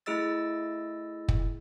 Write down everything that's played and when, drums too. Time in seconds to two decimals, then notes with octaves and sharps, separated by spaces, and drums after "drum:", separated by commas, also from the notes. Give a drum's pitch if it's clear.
0.06 A3 E4 G#4 D#5 E6 A6
1.28 drum: kick